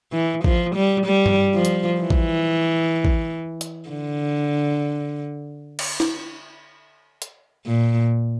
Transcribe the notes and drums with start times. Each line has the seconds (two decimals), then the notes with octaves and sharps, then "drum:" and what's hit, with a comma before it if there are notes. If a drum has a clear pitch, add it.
0.13 E3
0.44 F3, drum: kick
0.76 G3
1.07 G3
1.26 drum: tom G2
1.55 F3
1.65 drum: hi-hat
2.01 E3
2.10 drum: kick
3.05 drum: kick
3.61 drum: hi-hat
3.90 D3
5.79 drum: cymbal
6.00 drum: snare
7.22 drum: hi-hat
7.66 A#2